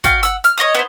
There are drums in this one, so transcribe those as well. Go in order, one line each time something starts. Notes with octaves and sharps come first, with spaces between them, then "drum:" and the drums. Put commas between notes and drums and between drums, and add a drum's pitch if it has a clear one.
F#4 D5 F5 G5, drum: kick, hi-hat
F#5 E6, drum: hi-hat
F6, drum: hi-hat
C#5 D#5 F5 D#6
B3 E4 C5